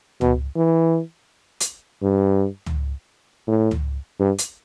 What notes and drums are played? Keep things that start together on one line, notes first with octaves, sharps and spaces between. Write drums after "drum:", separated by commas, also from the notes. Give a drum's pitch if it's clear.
B2, drum: tom C#2
E3
drum: hi-hat
G2
drum: tom C#2
A2
drum: tom C#2
G2
drum: hi-hat